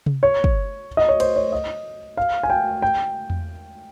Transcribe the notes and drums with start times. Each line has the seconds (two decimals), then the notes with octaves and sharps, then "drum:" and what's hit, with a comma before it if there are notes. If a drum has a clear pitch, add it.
0.06 drum: tom C3
0.23 C#5
0.44 drum: kick
0.97 D#5
1.09 C#5
1.20 C5, drum: cymbal
1.36 C#5
1.52 D#5
2.17 F5
2.43 G#5
2.50 G5
2.82 G5
3.30 drum: tom E2